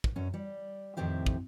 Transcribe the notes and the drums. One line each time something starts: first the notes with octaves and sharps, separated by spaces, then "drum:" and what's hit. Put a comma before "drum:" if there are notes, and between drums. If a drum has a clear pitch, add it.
drum: kick
F#2 C#4
G3
F2 A2 D#3 C4 G4 E5
drum: kick